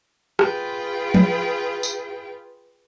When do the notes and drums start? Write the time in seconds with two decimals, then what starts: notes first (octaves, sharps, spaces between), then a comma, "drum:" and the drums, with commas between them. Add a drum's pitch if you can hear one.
0.39 F4 G#4 B4 G5, drum: rim click
1.14 drum: tom F3
1.83 drum: tambourine